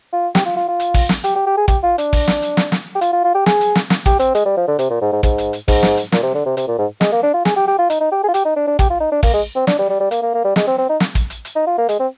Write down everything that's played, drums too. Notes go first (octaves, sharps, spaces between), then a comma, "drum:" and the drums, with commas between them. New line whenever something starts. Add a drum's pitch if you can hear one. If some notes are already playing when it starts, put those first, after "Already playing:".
F4
G4, drum: snare
F4
F4
F4
drum: hi-hat
drum: kick, open hi-hat
drum: snare
G4, drum: hi-hat
G4
G4
G#4
G4, drum: kick, hi-hat
F4
D4, drum: hi-hat
drum: kick, open hi-hat
drum: snare
drum: hi-hat
drum: snare
drum: snare
G4
F4, drum: hi-hat
F4
F4
G4
G#4, drum: snare
drum: hi-hat
drum: snare
drum: snare
G4, drum: kick, hi-hat
C4, drum: hi-hat
G#3, drum: hi-hat
G3
F3
D3
C3, drum: hi-hat
A#2
G#2
G#2
G#2, drum: kick, hi-hat
drum: hi-hat
drum: hi-hat
G#2, drum: kick, open hi-hat
drum: snare
drum: hi-hat
A#2, drum: snare
C3
D3
C3
C3, drum: hi-hat
A#2
G#2
G#3, drum: snare
A#3
D4
F4
G#4, drum: snare
G4
G4
F4
D#4, drum: hi-hat
D#4
G4
G#4
F4
G4, drum: hi-hat
D#4
D4
D4
G4, drum: kick, hi-hat
F4
D#4
D4
A#3, drum: kick, open hi-hat
G#3
C4
D4, drum: snare
G3
G3
G3
A#3, drum: hi-hat
A#3
A#3
G3
G#3, drum: snare
C4
C4
D#4
drum: snare
drum: kick, hi-hat
drum: hi-hat
drum: hi-hat
D#4
F4
A#3
G#3, drum: hi-hat
C4